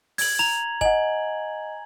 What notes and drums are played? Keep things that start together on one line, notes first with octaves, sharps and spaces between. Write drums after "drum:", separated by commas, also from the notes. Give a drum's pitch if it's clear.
G#6 F#7, drum: open hi-hat
A#5 F7
D#5 F#5 G#5 F#7, drum: kick F#1